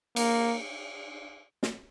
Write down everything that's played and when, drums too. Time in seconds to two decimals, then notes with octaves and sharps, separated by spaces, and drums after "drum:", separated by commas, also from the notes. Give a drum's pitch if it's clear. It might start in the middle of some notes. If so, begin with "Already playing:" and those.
0.16 A#3, drum: cymbal
1.63 drum: snare